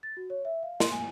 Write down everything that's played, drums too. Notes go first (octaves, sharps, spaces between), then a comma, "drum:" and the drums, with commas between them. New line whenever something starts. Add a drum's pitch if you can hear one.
A6
F#4
C#5
E5
F5
C6, drum: snare
G#5